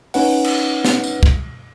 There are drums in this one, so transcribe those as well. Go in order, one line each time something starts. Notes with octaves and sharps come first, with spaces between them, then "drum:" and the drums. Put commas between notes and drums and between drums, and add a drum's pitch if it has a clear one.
C#4 D#4 B4 F#5, drum: open hi-hat
drum: cymbal
drum: snare
drum: tambourine
drum: kick